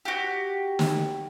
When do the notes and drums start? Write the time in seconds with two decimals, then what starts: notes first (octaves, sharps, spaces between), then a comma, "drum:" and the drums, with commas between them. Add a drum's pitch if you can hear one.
0.05 F#4 G4
0.79 drum: snare